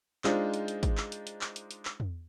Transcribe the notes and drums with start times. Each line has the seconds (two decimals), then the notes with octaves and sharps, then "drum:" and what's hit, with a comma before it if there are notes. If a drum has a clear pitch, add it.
0.24 G#3 D4 D#4 F4 C5, drum: clap
0.54 drum: hi-hat
0.68 drum: hi-hat
0.83 drum: kick G#1, hi-hat
0.97 drum: clap
1.12 drum: hi-hat
1.27 drum: hi-hat
1.41 drum: clap
1.56 drum: hi-hat
1.71 drum: hi-hat
1.85 drum: clap
2.00 drum: tom